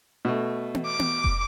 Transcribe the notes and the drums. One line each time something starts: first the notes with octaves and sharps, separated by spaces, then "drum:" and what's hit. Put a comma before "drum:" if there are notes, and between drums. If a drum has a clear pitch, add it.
B2 A3
drum: tom B3
D6
drum: tom B3
drum: kick F1